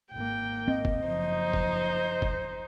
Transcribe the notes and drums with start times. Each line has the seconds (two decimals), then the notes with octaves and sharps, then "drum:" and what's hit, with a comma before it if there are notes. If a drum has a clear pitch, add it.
0.13 G#1 A#3 G5
0.68 C4 D#5
0.85 drum: kick F1
1.06 F#1 F3 D#4 C5
1.54 drum: kick F1
2.22 drum: kick F1